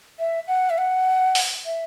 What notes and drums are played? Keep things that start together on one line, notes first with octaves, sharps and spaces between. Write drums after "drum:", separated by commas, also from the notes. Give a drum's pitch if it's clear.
E5
F#5
E5
F#5
drum: open hi-hat
E5